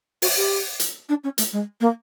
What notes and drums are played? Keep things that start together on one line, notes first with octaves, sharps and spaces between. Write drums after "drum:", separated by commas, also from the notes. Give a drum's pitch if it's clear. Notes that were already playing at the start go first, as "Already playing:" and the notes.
F#4, drum: open hi-hat
G4
drum: hi-hat
D4
C#4
A3, drum: hi-hat
G#3
A#3